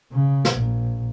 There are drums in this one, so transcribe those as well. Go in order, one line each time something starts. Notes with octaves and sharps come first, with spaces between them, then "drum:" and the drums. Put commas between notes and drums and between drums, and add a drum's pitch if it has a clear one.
C#3
drum: snare
A#1